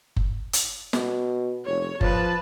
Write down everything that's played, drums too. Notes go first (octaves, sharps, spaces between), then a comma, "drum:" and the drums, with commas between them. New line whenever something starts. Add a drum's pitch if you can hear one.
drum: kick F#1
drum: hi-hat
B2, drum: snare
F1 C#5
F3 B4 A5, drum: kick F#1